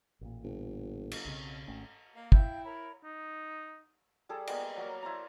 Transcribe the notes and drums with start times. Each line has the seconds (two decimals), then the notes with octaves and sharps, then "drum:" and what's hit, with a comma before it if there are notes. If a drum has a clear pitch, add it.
0.21 A1 A#2
0.43 G1
1.11 drum: cymbal
1.25 B1 C#3 C4
1.67 G#1 A3 C#4
2.15 A#3 D#5
2.32 E4 F5 G5 G6, drum: kick
2.64 A#4 C#5 B5
3.04 D#4
4.29 G3 G#4 A4 D5
4.47 G3 G#3 A#3 B3, drum: cymbal
4.77 F#3 A#3
5.03 E4 C5 D5 A#5